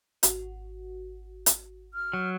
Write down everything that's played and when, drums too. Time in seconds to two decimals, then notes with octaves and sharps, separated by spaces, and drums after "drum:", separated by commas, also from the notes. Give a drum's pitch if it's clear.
0.23 G#1 F#4, drum: hi-hat
1.46 drum: hi-hat
1.94 F6
2.13 F#3